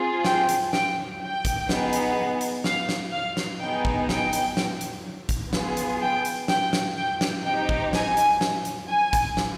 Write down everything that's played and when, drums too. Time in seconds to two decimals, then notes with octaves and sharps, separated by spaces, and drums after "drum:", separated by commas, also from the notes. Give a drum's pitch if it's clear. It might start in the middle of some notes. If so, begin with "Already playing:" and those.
Already playing: C4 F4 G#4
0.25 G5, drum: snare
0.49 drum: hi-hat
0.73 G5, drum: snare
1.21 G5
1.45 drum: kick, hi-hat
1.69 B3 D#4 G#4, drum: snare
1.93 drum: hi-hat
2.41 drum: hi-hat
2.64 F5, drum: snare
2.89 drum: snare
3.12 F5
3.37 drum: snare
3.61 B3 D#4 G#4 G5
3.85 drum: kick
4.09 G5, drum: snare
4.33 drum: hi-hat
4.57 drum: snare
4.81 drum: hi-hat
5.29 drum: kick, hi-hat
5.53 B3 F4 G#4, drum: snare
5.77 drum: hi-hat
6.01 G5
6.25 drum: hi-hat
6.48 G5, drum: snare
6.73 drum: snare
6.97 G5
7.21 drum: snare
7.45 C4 D#4 G4 G5
7.69 drum: kick
7.93 G#5, drum: snare
8.17 drum: hi-hat
8.41 drum: snare
8.65 drum: hi-hat
8.89 G#5
9.13 drum: kick, hi-hat
9.37 drum: snare